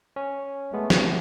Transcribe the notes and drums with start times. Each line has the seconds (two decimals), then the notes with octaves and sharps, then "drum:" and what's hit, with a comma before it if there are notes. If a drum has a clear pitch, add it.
0.16 C#4
0.73 G#3 A3 B3
0.90 drum: snare